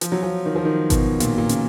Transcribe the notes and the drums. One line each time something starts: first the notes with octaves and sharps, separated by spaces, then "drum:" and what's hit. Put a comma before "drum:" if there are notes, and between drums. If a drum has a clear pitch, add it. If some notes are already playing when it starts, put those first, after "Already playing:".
F3, drum: hi-hat
F#3
F3
D#3
F3
D#3
B2, drum: kick G#1, hi-hat
A#2, drum: hi-hat
A#2
C#3, drum: hi-hat